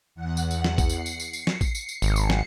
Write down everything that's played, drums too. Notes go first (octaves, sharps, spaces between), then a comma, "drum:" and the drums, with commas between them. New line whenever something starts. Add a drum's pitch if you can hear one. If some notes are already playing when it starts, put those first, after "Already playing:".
E2 F#5
drum: tambourine
drum: tambourine
drum: snare
drum: kick, tambourine
C7 C#7, drum: tambourine
drum: tambourine
drum: tambourine
drum: tambourine
drum: snare
drum: kick, tambourine
drum: tambourine
drum: tambourine
G#1, drum: tambourine
drum: tambourine
drum: snare